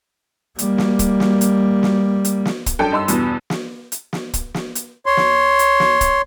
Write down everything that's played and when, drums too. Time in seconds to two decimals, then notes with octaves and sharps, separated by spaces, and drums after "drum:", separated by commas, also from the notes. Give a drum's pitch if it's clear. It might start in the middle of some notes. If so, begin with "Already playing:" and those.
0.59 G3 A#3, drum: hi-hat
0.78 drum: snare
0.99 drum: kick, hi-hat
1.20 drum: snare
1.41 drum: hi-hat
1.83 drum: snare
2.25 drum: hi-hat
2.45 drum: snare
2.66 drum: kick, hi-hat
2.79 F#2 D4 A4 G5 A5
2.92 G2 D#4 C6 E6
3.08 E2 G2 B2 B3, drum: hi-hat
3.50 drum: snare
3.92 drum: hi-hat
4.13 drum: snare
4.34 drum: kick, hi-hat
4.54 drum: snare
4.75 drum: hi-hat
5.06 C#5 C6
5.17 drum: snare
5.59 drum: hi-hat
5.80 drum: snare
6.01 drum: kick, hi-hat